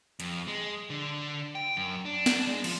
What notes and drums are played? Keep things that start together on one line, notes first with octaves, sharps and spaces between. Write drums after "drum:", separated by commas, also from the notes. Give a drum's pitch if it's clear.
F2, drum: hi-hat
G#3
D3
G5
F#2
D4
drum: snare
G#3
F3, drum: cymbal